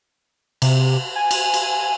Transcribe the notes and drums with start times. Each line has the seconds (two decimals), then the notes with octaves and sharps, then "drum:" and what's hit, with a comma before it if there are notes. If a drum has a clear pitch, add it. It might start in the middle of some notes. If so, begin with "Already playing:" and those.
0.62 C3, drum: cymbal
1.16 G#5
1.31 drum: cymbal
1.54 drum: cymbal